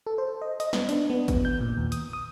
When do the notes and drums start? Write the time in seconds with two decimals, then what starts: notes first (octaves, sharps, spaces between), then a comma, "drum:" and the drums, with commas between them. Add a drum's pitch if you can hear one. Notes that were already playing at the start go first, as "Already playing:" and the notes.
0.07 A4
0.18 C5
0.42 D#5
0.60 D#5, drum: hi-hat
0.73 B3, drum: snare
0.89 D4, drum: hi-hat
1.10 B3
1.28 drum: kick G#1, hi-hat
1.45 G6
1.61 A#2
1.77 D#2
1.92 D#6, drum: hi-hat
2.13 D#6